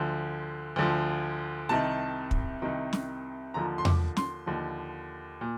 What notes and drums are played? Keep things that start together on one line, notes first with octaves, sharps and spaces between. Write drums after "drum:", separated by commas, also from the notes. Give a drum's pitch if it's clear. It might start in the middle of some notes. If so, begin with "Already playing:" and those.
Already playing: D2 D3 F3
D2 D3 F3
C2 C3 D#3 A5
drum: kick
C2 C3 D#3
drum: snare
D#2 D3 F3 A#5
C6
D6, drum: tom E2
C6, drum: snare
D#2 D3 F3
A#2